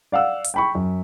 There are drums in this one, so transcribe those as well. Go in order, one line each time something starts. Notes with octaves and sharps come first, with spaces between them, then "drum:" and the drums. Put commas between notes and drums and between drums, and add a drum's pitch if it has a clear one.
D5 F5 F#5 E6
drum: hi-hat
G5 B5 C#6
F#2